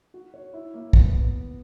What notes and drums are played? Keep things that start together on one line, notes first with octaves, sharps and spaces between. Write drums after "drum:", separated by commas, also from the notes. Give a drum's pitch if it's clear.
F#4
C#5
E4
A#3
B3, drum: kick